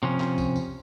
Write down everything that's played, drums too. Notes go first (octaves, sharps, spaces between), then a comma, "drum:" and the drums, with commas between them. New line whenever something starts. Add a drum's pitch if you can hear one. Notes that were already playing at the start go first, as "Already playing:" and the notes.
C3 F3 C#4
drum: clap
drum: kick, tambourine
drum: tambourine